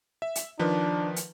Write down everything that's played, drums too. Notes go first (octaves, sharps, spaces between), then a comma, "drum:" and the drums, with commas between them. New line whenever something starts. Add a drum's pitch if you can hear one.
E5
drum: hi-hat
D#3 F3 D4 B4
drum: hi-hat